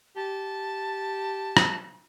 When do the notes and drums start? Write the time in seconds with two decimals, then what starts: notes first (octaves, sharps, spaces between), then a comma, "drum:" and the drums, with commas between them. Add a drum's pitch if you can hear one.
0.16 G4 A5
1.57 drum: rim click